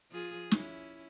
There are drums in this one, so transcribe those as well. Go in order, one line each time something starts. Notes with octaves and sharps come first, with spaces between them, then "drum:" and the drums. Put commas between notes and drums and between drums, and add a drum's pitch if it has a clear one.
F3 F4 G#4
C#4 E4, drum: snare